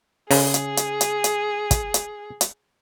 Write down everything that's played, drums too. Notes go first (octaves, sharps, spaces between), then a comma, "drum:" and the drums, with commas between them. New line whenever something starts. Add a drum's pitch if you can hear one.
C#3 G#4, drum: open hi-hat
drum: hi-hat
drum: hi-hat
drum: hi-hat
drum: hi-hat
drum: kick, hi-hat
drum: hi-hat
drum: hi-hat